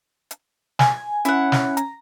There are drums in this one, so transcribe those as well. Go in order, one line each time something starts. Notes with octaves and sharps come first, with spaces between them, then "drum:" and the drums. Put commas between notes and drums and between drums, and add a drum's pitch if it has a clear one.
drum: hi-hat
G#5, drum: snare
C#4 E4 F#5, drum: hi-hat
drum: snare
A#5, drum: hi-hat